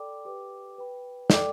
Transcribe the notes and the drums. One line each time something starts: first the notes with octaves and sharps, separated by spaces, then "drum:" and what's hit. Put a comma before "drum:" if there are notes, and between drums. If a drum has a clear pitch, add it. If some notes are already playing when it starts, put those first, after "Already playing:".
Already playing: A4 D5 G5 B5 D6
G4 B4 G5 D6
B4 G5 B5
A4 D5 G5 D6, drum: snare